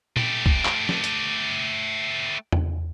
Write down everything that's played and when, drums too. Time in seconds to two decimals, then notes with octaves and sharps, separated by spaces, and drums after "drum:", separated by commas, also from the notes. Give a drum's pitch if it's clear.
0.17 A3 G4, drum: tom A#2
0.46 drum: kick
0.65 drum: clap
0.89 drum: snare
1.04 drum: hi-hat
2.52 drum: tom E2